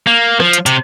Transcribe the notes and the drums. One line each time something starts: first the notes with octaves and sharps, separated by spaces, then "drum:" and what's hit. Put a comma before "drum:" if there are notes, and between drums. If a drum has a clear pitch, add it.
A#3
F3, drum: rim click
drum: hi-hat
C3, drum: hi-hat